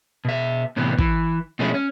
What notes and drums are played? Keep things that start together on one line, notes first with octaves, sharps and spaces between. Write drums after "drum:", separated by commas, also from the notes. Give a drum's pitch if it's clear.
B2 E5
A2 C3 E3 B3
E3, drum: kick
B2 F3 G#3 A3 C#4 E4
C#4